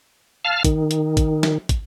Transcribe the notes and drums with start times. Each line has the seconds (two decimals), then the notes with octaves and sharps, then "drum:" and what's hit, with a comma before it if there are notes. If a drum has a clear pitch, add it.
0.45 F5 A5 F6
0.64 D#3, drum: kick, hi-hat
0.91 drum: hi-hat
1.17 drum: kick, hi-hat
1.43 drum: snare
1.69 drum: kick, hi-hat